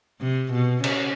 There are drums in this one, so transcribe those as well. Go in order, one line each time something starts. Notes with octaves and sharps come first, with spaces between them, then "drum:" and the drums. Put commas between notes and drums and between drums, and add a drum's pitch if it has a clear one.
C3
B2
C#3, drum: cymbal